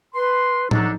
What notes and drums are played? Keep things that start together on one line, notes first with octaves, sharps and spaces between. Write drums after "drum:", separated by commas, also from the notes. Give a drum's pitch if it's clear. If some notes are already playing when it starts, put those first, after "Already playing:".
B4 C6
F#3 D4 D#4 A4, drum: tom A2